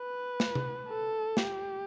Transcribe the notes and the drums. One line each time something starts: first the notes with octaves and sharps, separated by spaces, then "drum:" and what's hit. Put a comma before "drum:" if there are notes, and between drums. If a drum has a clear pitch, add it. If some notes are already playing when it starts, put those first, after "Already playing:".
Already playing: B4
drum: snare
drum: tom C3
A4
G4, drum: snare